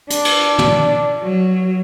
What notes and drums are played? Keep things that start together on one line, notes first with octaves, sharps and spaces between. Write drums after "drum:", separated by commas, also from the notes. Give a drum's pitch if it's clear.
D4, drum: hi-hat
drum: cymbal
drum: tom
F#3